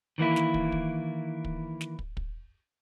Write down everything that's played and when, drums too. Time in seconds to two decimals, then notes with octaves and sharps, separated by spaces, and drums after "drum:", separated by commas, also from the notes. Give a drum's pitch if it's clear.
0.18 D#3 E3 A#3 E4
0.36 drum: snare
0.54 drum: kick
0.72 drum: kick
1.44 drum: kick
1.81 drum: snare
1.99 drum: kick
2.17 drum: kick